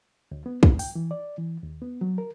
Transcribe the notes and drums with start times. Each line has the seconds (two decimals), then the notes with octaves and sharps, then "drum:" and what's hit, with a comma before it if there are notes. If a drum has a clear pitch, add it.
0.32 D2
0.46 B3
0.63 G#2, drum: kick
0.79 G5, drum: open hi-hat
0.95 E3
1.11 D5
1.38 E3
1.63 D#2
1.82 B3
2.01 F#3
2.18 A#4